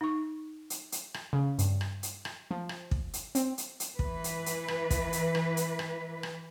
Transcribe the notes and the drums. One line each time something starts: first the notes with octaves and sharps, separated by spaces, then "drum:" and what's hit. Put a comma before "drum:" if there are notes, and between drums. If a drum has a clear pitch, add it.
D#4 C#6
drum: hi-hat
drum: hi-hat
drum: rim click
C#3
G2, drum: hi-hat
drum: rim click
drum: hi-hat
drum: rim click
F3
drum: rim click
drum: kick
drum: hi-hat
C4, drum: hi-hat
drum: hi-hat
drum: hi-hat
E3 B4, drum: kick
drum: hi-hat
drum: hi-hat
drum: rim click
drum: kick, hi-hat
drum: hi-hat
drum: rim click
drum: hi-hat
drum: rim click
drum: rim click